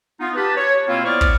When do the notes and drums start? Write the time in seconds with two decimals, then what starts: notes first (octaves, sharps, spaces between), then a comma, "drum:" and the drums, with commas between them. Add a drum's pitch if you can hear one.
0.20 B3 D#4 F4
0.35 G4 B4 A5
0.56 C#5
0.87 B2 A#3 C4 E4 F4
1.04 B3 E4 C5 D5 C#6 F6
1.21 drum: kick